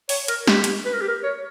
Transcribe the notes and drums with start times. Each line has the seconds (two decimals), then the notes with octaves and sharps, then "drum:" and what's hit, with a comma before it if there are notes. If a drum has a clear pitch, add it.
0.09 C#5, drum: open hi-hat
0.28 A#4, drum: hi-hat
0.47 G4, drum: snare
0.64 drum: hi-hat
0.85 B4
0.93 A#4
1.01 G4
1.08 A#4
1.23 C#5